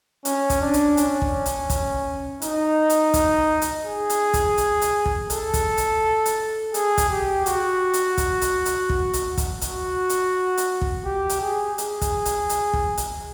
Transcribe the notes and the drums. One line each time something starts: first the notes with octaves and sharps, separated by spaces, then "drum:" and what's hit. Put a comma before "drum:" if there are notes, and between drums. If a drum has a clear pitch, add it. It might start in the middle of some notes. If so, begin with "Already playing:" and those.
C#4, drum: hi-hat
drum: kick, hi-hat
D4
drum: hi-hat
C#4, drum: hi-hat
drum: kick
drum: hi-hat
drum: kick, hi-hat
D#4, drum: hi-hat
drum: hi-hat
drum: kick, hi-hat
drum: hi-hat
G#4
drum: hi-hat
drum: kick, hi-hat
drum: hi-hat
drum: hi-hat
drum: kick
A4, drum: hi-hat
drum: kick, hi-hat
drum: hi-hat
drum: hi-hat
G#4, drum: hi-hat
drum: kick, hi-hat
G4
F#4, drum: hi-hat
drum: hi-hat
drum: kick, hi-hat
drum: hi-hat
drum: hi-hat
drum: kick
drum: hi-hat
drum: kick, hi-hat
F#4, drum: hi-hat
drum: hi-hat
drum: hi-hat
drum: kick
G4
drum: hi-hat
G#4
G#4, drum: hi-hat
drum: kick, hi-hat
drum: hi-hat
drum: hi-hat
drum: kick
drum: hi-hat